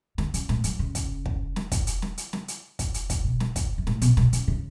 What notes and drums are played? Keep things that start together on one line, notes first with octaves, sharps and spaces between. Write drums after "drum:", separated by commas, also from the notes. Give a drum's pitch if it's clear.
D3, drum: snare
C#3, drum: hi-hat
A2, drum: snare
F#2, drum: hi-hat
C#3
drum: kick, hi-hat
drum: kick
drum: snare
drum: kick, hi-hat
drum: hi-hat
drum: snare
drum: hi-hat
drum: snare
drum: hi-hat
drum: kick, hi-hat
drum: hi-hat
drum: kick, hi-hat
B2
drum: snare
drum: kick, hi-hat
G2
A2, drum: snare
B2, drum: hi-hat
B2, drum: snare
C#3, drum: hi-hat
C#3